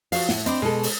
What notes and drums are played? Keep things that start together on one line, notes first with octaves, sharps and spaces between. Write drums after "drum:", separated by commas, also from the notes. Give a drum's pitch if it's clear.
F3 F#4 F5, drum: open hi-hat
A2 F#5, drum: snare
C4 D4 D#5 B5 D6, drum: hi-hat
B2 G#3 A4
drum: open hi-hat